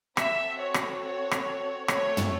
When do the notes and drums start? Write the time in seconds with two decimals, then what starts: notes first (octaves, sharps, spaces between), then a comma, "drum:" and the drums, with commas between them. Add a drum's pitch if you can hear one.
0.17 C4 F#4 A4 E5, drum: rim click
0.60 C#5
0.74 drum: rim click
1.03 C#5
1.31 drum: rim click
1.88 A3 C4 F#4 A4 C#5, drum: rim click
2.17 drum: tom